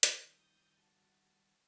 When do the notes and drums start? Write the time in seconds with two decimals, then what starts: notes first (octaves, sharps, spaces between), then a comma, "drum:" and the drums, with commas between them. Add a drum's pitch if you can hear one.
0.03 drum: hi-hat
0.24 G2 D#3 G3 D#6 G6 A6
0.79 F#4 A5